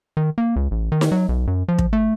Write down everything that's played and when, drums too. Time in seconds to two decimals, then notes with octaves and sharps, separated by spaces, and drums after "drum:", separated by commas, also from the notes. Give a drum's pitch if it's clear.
0.17 D#3
0.38 A#3
0.56 C#2
0.71 A1
0.92 D#3
1.01 drum: snare D#4
1.12 F#3
1.29 B1
1.47 F#2
1.68 F3
1.78 drum: kick
1.93 A3